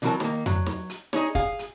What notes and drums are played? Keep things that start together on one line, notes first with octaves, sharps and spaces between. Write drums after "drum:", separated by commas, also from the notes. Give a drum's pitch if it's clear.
D3 E3 F#3 C4 A#4 A5
D#3 A#3, drum: snare
F#3, drum: tom F2
drum: snare
drum: hi-hat
D#4 G#4 C#5, drum: snare
G#4 F5, drum: kick
drum: hi-hat